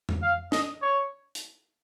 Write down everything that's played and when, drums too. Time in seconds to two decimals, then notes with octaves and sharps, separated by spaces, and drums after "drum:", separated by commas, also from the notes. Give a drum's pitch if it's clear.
0.09 drum: tom F2
0.22 F5
0.52 D#5, drum: snare
0.82 C#5
1.35 drum: hi-hat